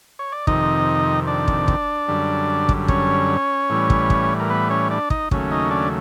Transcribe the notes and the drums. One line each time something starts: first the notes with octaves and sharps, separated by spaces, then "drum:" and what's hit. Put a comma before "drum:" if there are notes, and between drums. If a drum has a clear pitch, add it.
C#5
D5
F2 C3 D#3 D#4 D#5, drum: kick
D4 D5
drum: kick
drum: kick
F#2 D3 G3
drum: kick
C#4 C#5, drum: kick
A2 E3 G3
drum: kick
drum: kick
A#4
B3 B4
C#4 C#5
D4 D5
D#4 D#5, drum: kick
D#2 C#3 F#3 A3 C#4, drum: kick
D#4 D#5
D4 D5